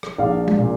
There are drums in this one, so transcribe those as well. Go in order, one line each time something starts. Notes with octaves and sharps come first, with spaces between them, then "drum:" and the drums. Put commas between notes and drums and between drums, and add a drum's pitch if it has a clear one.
drum: rim click
A#1 D5 F5
drum: tom G#3
A#2